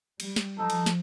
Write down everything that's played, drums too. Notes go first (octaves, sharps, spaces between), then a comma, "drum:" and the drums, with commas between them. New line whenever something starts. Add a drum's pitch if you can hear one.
G3, drum: cymbal
drum: snare
F3 D#4 A4
drum: cymbal
drum: snare